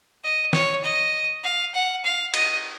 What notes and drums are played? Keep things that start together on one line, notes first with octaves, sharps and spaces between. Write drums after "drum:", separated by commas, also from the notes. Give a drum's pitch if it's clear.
D#5
C#5, drum: snare
D#5
F5
F#5
F5
D#5, drum: cymbal